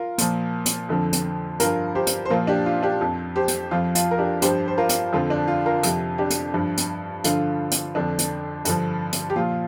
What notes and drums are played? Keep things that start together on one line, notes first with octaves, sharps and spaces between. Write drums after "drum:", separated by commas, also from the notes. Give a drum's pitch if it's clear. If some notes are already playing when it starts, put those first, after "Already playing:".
Already playing: F4 A#4
A#2 F3, drum: hi-hat
drum: hi-hat
F2 D3 F3
drum: hi-hat
G2 F3 F4 A#4, drum: hi-hat
G4 C5
drum: hi-hat
C5
A#2 F3 F4 A#4
D4 G4
F4
D4 G4
F2 F3
G4 C5
drum: hi-hat
F2 F3 F4
F4, drum: hi-hat
A#4
D4 G4
G2 F3 G4 C5, drum: hi-hat
C5
F4 A#4
drum: hi-hat
F2 D3 F3 F4
D4
F4
F4 A#4
F2 C3 F3, drum: hi-hat
D4 G4
drum: hi-hat
G2 F3
drum: hi-hat
G2 D3 F3 F4, drum: hi-hat
drum: hi-hat
F2 D3 F3 D4
drum: hi-hat
G2 D3 F3, drum: hi-hat
drum: hi-hat
G4
A#2 F3 F4